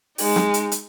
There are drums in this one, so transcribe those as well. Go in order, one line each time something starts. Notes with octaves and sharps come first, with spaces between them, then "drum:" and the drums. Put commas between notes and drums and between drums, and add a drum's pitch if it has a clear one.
G#3 D#4, drum: open hi-hat
drum: snare
drum: hi-hat
drum: hi-hat